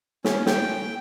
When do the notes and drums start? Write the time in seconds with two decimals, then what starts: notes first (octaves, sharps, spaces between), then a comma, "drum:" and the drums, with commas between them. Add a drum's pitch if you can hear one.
0.24 C#4, drum: snare
0.46 G5, drum: snare